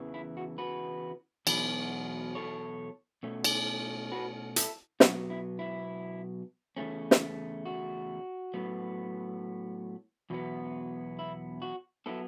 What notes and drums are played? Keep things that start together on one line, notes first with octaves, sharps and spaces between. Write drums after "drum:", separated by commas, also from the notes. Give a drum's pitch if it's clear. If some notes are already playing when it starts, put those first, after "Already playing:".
Already playing: E2 C#3 E3
E4
F#4
F#4 B4
E2 B2 F#3 B3, drum: cymbal
A4 C#5
B2 A3 C#4
drum: cymbal
F#4 B4
E4 A4, drum: hi-hat
B2 F#3 B3 F#4, drum: snare
E4
E4
E2 C#3 A3 C#4
drum: snare
F#4
A2 F#3 B3
E2 B2 F#3 B3
E4
F#4
F#3 B3 E4 A4